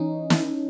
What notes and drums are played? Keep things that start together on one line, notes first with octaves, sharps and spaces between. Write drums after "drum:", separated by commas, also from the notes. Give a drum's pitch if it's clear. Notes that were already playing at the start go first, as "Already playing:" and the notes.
Already playing: E3 C#4 D#4
drum: snare